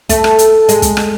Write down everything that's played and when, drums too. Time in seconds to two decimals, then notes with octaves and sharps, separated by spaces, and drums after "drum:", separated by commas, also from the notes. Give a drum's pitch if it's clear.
0.09 A3, drum: kick, hi-hat
0.24 drum: rim click
0.39 drum: hi-hat
0.69 G#3, drum: hi-hat
0.82 drum: kick, hi-hat
0.97 drum: rim click